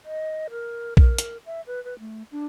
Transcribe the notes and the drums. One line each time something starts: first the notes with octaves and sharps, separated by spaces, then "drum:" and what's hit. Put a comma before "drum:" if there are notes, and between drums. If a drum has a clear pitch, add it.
D#5
A#4
A#4, drum: kick A#1
drum: hi-hat
E5
B4
B4
A3
D4